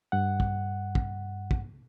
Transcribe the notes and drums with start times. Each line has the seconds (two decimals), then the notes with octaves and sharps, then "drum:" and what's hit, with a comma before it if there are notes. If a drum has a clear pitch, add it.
0.12 G2 F#5
0.40 drum: kick
0.95 drum: kick
1.51 drum: kick